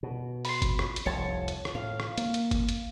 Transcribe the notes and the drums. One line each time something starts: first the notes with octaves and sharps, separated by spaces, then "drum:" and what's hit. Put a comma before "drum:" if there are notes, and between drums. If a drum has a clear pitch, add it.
B2
B5 C6, drum: open hi-hat
drum: kick G1, hi-hat
drum: rim click
drum: hi-hat
F1 C2 F3 C#5 A5
drum: hi-hat
drum: rim click
A2 F5
drum: rim click
A#3, drum: hi-hat
drum: hi-hat
drum: kick G1, hi-hat
drum: hi-hat